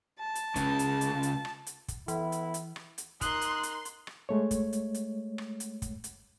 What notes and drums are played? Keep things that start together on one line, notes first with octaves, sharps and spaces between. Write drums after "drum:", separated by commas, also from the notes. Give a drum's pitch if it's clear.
A5
drum: hi-hat
C#2 C#3, drum: kick, hi-hat
drum: hi-hat
drum: hi-hat
drum: hi-hat
drum: rim click
drum: hi-hat
drum: kick, hi-hat
E3 B3 E4, drum: hi-hat
drum: hi-hat
drum: hi-hat
drum: rim click
drum: hi-hat
D#4 A#4 C6 D#6 F#6, drum: kick, hi-hat
drum: hi-hat
drum: hi-hat
drum: hi-hat
drum: rim click
G#3 A3 C#5
drum: kick, hi-hat
drum: hi-hat
drum: hi-hat
drum: rim click
drum: hi-hat
drum: kick, hi-hat
drum: hi-hat